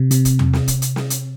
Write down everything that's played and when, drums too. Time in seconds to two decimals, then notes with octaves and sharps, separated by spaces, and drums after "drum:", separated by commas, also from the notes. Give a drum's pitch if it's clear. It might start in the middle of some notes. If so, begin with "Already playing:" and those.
Already playing: C3
0.11 C3, drum: hi-hat
0.25 drum: kick D1, hi-hat
0.39 drum: tom E2
0.53 drum: snare
0.68 drum: kick D1, hi-hat
0.82 drum: hi-hat
0.96 drum: snare
1.10 drum: hi-hat